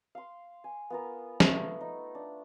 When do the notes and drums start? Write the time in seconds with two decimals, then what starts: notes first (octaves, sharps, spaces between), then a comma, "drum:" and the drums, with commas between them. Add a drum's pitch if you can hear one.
0.15 F5 C6
0.64 G#5
0.90 B3 F4 A#4
1.40 A3 B3, drum: snare
1.81 D#4
2.15 D4